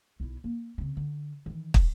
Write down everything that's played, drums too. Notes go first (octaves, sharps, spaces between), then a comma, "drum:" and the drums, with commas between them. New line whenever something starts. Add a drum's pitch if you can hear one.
B1 E4
A#3
C#3 C4
D3
D#3 E3
drum: kick